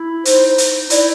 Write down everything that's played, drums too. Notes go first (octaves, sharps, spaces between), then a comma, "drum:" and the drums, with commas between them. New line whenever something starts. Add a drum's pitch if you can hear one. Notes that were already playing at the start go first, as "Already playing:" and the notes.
Already playing: E4
D#4 C5, drum: hi-hat
drum: hi-hat
E4 D5, drum: hi-hat